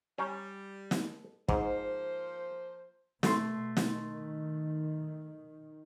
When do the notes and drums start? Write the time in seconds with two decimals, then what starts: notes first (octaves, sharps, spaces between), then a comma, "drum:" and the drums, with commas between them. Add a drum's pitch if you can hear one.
0.18 G3 C#4 G5 A#5
0.91 drum: snare
1.48 G#2 F3 A#3 C5, drum: kick
3.23 B2 A3 C6, drum: snare
3.77 D#3, drum: snare